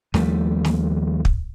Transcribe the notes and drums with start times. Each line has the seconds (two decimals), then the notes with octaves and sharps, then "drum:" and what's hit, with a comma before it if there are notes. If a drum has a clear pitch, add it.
0.14 D#2 F3 G3 A3, drum: snare
0.65 drum: snare
1.25 drum: kick